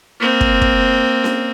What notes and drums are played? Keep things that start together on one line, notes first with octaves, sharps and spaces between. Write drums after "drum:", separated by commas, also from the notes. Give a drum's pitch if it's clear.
A#3 C4
drum: kick
drum: kick
drum: snare C#4